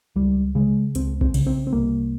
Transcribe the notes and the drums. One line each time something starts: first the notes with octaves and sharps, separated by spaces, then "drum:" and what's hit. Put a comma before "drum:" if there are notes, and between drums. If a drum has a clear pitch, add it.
C#2 G3
C#3 G#3
C#2 C4, drum: hi-hat
C4, drum: kick B1
C#3, drum: cymbal
C4
C4
C2 A#3